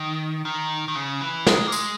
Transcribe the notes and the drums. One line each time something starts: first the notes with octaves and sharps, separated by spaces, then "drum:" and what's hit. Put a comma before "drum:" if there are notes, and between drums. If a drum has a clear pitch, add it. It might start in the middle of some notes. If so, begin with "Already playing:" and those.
Already playing: D#3
D#3
D#3
C#3
E3
G#3, drum: snare
A#3
G#3, drum: tambourine